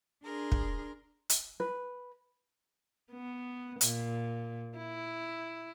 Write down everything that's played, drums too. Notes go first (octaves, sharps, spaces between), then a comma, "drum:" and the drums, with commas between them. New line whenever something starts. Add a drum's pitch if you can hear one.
D4 G#4 A#4 C6
drum: kick
drum: hi-hat
B4
B3
A#2, drum: hi-hat
E4